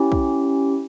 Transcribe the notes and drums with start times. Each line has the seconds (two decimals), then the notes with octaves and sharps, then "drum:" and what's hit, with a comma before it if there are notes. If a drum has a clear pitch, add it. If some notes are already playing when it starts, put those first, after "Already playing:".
Already playing: C#4 E4 G4
0.12 drum: kick